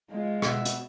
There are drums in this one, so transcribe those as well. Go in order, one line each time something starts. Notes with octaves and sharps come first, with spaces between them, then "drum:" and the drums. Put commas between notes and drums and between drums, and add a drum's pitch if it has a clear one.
G#3 F4
B2 F#4 E5, drum: rim click
drum: hi-hat